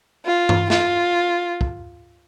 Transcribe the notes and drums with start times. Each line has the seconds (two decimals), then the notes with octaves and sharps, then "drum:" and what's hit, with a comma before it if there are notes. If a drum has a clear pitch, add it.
0.25 F4
0.49 drum: tom G2
0.70 F4, drum: snare
1.61 drum: kick